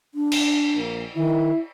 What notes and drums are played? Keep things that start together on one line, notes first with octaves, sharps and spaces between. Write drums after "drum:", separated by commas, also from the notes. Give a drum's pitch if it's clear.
D4
drum: cymbal
A#1 A#3
D#3 E4